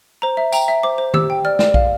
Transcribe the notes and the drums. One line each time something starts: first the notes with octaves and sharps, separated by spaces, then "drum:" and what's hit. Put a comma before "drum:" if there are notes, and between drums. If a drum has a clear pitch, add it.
C5 A#5
E5
G5 A#5, drum: tambourine
E5
C5 D6
C5
G4 E6, drum: tom D#3
G5
D5 F6
D5, drum: snare
F5, drum: kick B1